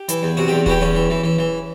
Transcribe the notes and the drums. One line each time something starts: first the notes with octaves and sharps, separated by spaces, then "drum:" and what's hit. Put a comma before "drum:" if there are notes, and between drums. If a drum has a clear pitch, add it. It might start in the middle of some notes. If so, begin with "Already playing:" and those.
Already playing: G4
E3, drum: hi-hat
E2
C3 F#4
E2 G4
E3 F#4 G4, drum: kick D#1
E2 C#4
E3
E3
E3
E3